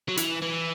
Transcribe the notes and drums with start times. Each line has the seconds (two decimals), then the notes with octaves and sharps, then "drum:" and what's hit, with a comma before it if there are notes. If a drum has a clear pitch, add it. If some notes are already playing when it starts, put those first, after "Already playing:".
0.08 F#3
0.17 E3, drum: hi-hat
0.42 E3